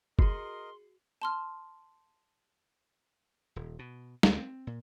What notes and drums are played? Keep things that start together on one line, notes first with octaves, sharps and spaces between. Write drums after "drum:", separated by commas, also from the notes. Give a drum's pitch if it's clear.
F#4 G#4 A#4 D#5 C6 C7, drum: kick
A5 C6 F6
D#1
B2
D2, drum: snare
C4
A#2